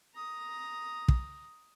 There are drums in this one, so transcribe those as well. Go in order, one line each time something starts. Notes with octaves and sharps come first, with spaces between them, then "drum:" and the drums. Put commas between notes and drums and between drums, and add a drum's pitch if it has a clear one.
A#5 D#6
drum: kick